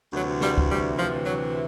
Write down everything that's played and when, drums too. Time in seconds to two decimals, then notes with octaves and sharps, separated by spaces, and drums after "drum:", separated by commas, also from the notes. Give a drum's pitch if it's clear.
0.13 D2 C3 E3 F#3
0.41 G3, drum: snare
0.58 drum: kick
0.70 G3
0.97 D2 C3 E3 F3
1.25 F#3